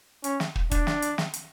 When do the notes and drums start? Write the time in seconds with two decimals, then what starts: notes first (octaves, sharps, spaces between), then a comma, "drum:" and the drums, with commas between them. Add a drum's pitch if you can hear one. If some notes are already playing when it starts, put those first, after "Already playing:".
0.24 C#4, drum: hi-hat
0.40 drum: snare
0.55 drum: kick
0.71 D4, drum: kick, hi-hat
0.87 drum: snare
1.02 drum: hi-hat
1.18 drum: snare
1.34 drum: hi-hat